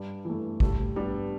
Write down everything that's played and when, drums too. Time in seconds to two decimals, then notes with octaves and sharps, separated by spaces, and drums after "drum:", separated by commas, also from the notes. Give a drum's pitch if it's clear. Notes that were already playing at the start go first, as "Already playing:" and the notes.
Already playing: G2 G3
0.25 E3 A3
0.60 G3 A3, drum: kick
0.96 G3 B3 D4